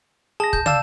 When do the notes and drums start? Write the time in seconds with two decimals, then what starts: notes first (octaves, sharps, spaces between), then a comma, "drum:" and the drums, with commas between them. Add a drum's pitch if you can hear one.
0.40 G#4 A5 A#6
0.53 G6, drum: kick
0.66 D5 F5 A5 E6 E7, drum: tom